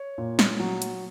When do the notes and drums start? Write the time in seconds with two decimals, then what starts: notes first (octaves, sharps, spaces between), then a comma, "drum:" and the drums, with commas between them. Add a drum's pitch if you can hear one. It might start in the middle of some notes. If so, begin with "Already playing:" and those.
Already playing: C#5
0.18 A#2
0.39 drum: snare
0.60 F#3
0.82 drum: hi-hat